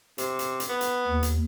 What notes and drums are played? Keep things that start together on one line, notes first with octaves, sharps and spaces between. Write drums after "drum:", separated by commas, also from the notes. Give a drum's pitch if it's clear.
C3, drum: hi-hat
drum: hi-hat
drum: hi-hat
B3
drum: hi-hat
D#2
drum: hi-hat